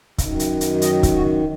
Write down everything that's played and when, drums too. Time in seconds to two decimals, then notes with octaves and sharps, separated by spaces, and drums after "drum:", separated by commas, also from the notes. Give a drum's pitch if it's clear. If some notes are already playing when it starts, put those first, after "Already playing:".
0.18 F#2 D#3, drum: kick C#1, hi-hat
0.39 drum: hi-hat
0.61 drum: hi-hat
0.82 D#5, drum: hi-hat
1.03 drum: kick C#1, hi-hat
1.13 F#4